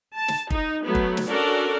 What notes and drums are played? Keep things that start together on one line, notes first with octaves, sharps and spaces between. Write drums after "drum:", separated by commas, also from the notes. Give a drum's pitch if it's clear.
A5
drum: snare
D#4, drum: kick
F#3 A3 B3
drum: kick
drum: snare
C#4 D4 F#4 A4 A#4 D5